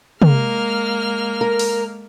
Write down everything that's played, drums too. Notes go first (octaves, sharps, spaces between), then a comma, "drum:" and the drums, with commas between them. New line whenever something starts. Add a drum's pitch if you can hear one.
G#3 A#3 F6, drum: tom
A#4
drum: open hi-hat